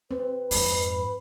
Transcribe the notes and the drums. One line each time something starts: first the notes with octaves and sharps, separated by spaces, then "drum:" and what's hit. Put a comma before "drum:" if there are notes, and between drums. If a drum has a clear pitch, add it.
C4 B4
F2 G#2 B5, drum: open hi-hat